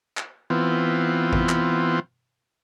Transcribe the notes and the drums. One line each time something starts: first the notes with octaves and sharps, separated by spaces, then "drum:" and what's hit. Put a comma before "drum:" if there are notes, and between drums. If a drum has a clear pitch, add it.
drum: clap
E3 B3 C4 F4
drum: kick G#1
drum: clap